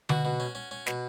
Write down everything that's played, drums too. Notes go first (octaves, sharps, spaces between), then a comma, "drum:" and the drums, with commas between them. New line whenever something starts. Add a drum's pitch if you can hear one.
B2 F#4, drum: tom D3
B2
C#4
C#4
C#4
B2, drum: snare